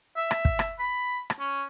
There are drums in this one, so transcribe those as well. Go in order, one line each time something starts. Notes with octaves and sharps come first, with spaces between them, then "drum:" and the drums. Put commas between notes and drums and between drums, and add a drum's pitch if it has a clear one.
E5
drum: rim click
drum: kick
drum: rim click
B5
drum: rim click
C#4